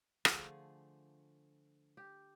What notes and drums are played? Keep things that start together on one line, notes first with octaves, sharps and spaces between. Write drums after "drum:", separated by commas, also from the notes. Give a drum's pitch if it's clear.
D3 F3 A3 G#4 F5, drum: rim click
G4